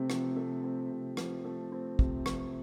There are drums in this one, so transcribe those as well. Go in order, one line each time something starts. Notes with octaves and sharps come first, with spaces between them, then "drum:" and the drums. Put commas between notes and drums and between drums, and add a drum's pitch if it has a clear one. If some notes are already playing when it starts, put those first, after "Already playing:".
Already playing: C3 A3 C4
F3, drum: rim click
A3
C4
C3
F3, drum: rim click
A3
C4
C3, drum: kick
F3, drum: rim click